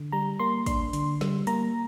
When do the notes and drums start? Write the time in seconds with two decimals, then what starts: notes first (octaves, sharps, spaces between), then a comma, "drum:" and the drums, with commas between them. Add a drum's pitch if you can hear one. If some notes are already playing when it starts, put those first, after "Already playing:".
Already playing: D3
0.12 G3 A#5
0.39 A#3 C6
0.66 D4 C6, drum: kick, hi-hat
0.93 D3, drum: hi-hat
1.21 G3, drum: snare
1.47 A#3 A#5, drum: hi-hat